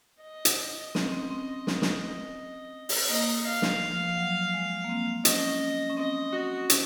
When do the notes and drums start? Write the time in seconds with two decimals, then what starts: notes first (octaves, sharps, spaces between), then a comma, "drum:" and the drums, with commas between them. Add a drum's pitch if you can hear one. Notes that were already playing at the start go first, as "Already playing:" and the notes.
0.23 D#5
0.45 drum: hi-hat
0.95 C4, drum: snare
1.03 C#4
1.12 C4
1.30 C4
1.67 C4, drum: snare
1.82 drum: snare
2.89 drum: open hi-hat
3.10 A#3 D#5
3.47 F5
3.62 drum: snare
3.82 F3
4.17 F#3
4.54 G#3
4.84 A#3
4.89 C4
5.25 C#4 D#5, drum: hi-hat
5.48 C#4
5.90 C#4
5.97 C4 D#5
6.33 F#4
6.70 C#4, drum: hi-hat